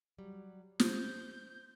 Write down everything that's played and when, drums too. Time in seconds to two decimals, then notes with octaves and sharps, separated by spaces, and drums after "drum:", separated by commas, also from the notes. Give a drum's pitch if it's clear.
0.18 F#3 G3
0.80 C5 G6, drum: snare